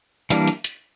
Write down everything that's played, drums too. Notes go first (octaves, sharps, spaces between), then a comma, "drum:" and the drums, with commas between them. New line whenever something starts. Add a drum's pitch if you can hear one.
E3 G3 A#3 D4, drum: hi-hat
drum: hi-hat
drum: hi-hat